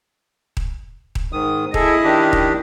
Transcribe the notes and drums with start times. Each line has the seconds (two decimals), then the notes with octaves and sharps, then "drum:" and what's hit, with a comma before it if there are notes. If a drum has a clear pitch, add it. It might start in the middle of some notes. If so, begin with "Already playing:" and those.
0.57 drum: kick D#1
1.15 drum: kick D#1
1.33 G#2 D#3 D#6
1.74 E4 G#4 A4 D#5, drum: kick D#1
2.04 D#3 D4 G4
2.33 drum: kick D#1